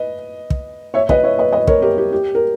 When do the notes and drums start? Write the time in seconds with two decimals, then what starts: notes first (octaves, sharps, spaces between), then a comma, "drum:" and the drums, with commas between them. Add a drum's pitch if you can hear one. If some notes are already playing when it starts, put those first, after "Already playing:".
Already playing: B4 D#5
0.50 drum: kick
0.94 C#5 E5
1.09 B4 D#5, drum: kick
1.24 C#5 E5
1.39 B4 D#5
1.53 B4 D#5
1.67 A#4 C#5, drum: kick
1.82 G4 A#4
1.98 G4
2.12 G4
2.35 A#4